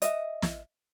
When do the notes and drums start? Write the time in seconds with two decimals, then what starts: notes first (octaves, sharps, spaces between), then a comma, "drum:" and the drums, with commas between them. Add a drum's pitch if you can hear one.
0.02 D#5 E5, drum: hi-hat
0.42 drum: snare